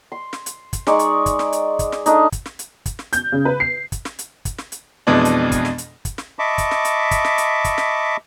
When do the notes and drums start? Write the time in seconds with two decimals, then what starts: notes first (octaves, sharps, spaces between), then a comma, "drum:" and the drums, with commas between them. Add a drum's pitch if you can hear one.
0.12 C6
0.33 drum: snare
0.46 drum: hi-hat
0.73 drum: kick, hi-hat
0.87 G#3 D#4 D5 C#6, drum: snare
0.99 drum: hi-hat
1.26 drum: kick, hi-hat
1.39 drum: snare
1.53 drum: hi-hat
1.79 drum: kick, hi-hat
1.92 drum: snare
2.06 A3 D4 D#4, drum: hi-hat
2.32 drum: kick, hi-hat
2.46 drum: snare
2.59 drum: hi-hat
2.86 drum: kick, hi-hat
2.99 drum: snare
3.13 G6, drum: hi-hat
3.32 C#3
3.45 B4
3.60 C7
3.92 drum: kick, hi-hat
4.05 drum: snare
4.19 drum: hi-hat
4.45 drum: kick, hi-hat
4.59 drum: snare
4.72 drum: hi-hat
5.07 F2 B2 E3 G#3 D4
5.25 drum: hi-hat
5.52 drum: kick, hi-hat
5.65 drum: snare
5.78 drum: hi-hat
6.05 drum: kick, hi-hat
6.18 drum: snare
6.39 D#5 E5 A5 B5 C#6 D6
6.58 drum: kick, hi-hat
6.71 drum: snare
6.85 drum: hi-hat
7.11 drum: kick, hi-hat
7.25 drum: snare
7.38 drum: hi-hat
7.64 drum: kick, hi-hat
7.78 drum: snare